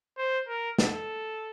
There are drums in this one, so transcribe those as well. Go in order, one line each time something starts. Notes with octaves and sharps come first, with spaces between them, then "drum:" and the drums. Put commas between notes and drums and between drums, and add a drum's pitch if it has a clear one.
C5
A#4
A4, drum: snare